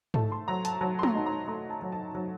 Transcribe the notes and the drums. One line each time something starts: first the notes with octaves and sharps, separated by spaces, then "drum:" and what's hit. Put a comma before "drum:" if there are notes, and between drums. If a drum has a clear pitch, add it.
A3 A5, drum: tom G#2
C6
F#3 A#5
A5, drum: hi-hat
F#3 A5
C6
A#5, drum: tom G#3
D#4 A5
A#5
A3 A#5
A5
F#3
A5
F#3